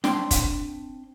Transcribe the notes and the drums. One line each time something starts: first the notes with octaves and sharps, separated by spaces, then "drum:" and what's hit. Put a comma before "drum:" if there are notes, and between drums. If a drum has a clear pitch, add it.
C4 D4 G5 C6, drum: snare
drum: kick, hi-hat